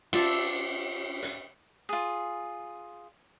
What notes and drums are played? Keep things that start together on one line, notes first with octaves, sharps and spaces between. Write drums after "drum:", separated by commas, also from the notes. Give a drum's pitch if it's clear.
F4 D5 E5 A5, drum: cymbal
drum: hi-hat
F4 G#4